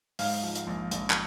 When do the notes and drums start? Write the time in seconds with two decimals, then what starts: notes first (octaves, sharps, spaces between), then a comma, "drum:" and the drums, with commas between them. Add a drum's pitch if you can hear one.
0.19 G#2 F5, drum: open hi-hat
0.43 F3
0.55 drum: hi-hat
0.67 A#1
0.91 A#1, drum: hi-hat
1.10 drum: clap